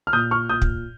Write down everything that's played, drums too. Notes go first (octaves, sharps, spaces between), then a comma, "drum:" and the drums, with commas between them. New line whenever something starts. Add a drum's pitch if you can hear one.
F6
A#2 D#6 G6
C#6 F6
A#2 D#6 G6
drum: kick